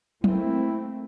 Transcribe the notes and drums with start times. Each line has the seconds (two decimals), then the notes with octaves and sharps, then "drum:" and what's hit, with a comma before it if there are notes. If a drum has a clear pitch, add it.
0.24 A3 A#3 C4 E4, drum: tom